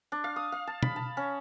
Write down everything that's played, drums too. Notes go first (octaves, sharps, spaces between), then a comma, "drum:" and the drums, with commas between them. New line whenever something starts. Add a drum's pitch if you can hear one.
D4
F5
D#6
F5
A5
B5, drum: tom
A5
C#4